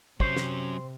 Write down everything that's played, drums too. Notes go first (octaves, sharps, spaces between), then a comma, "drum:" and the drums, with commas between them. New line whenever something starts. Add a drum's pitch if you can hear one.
C3 F#3 C#4 C5, drum: kick
drum: snare